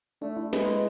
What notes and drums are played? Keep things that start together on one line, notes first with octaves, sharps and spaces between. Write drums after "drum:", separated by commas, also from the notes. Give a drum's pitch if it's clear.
A3 D4
E4
G#3 B4, drum: snare
B4